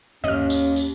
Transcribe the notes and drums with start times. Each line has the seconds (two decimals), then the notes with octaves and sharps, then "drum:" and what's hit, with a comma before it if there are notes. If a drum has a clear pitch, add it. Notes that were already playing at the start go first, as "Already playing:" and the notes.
0.24 D#2 C#4 D#5 F6, drum: tom
0.50 drum: tambourine
0.76 drum: tambourine